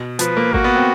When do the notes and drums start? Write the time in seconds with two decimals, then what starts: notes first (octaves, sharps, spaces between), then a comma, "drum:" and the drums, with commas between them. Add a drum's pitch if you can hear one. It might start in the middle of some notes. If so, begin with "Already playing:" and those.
Already playing: B2
0.19 F3 B4, drum: hi-hat
0.37 A#3
0.53 A#3 F#4, drum: kick G#1
0.64 B3
0.76 C4